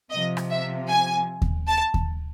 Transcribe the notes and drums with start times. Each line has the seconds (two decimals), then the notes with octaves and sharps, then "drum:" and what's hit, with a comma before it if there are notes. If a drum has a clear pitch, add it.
0.11 C3 F3 D#5
0.37 drum: rim click
0.50 E5
0.89 G#5
1.42 drum: kick D#2
1.67 A5
1.94 drum: kick D#2